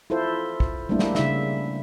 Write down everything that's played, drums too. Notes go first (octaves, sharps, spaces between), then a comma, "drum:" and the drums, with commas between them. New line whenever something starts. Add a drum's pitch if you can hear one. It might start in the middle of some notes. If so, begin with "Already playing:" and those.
E4 F4 A4 C5
drum: kick
G3 A3 A#3 D4 E4
drum: snare
C#3 E5, drum: snare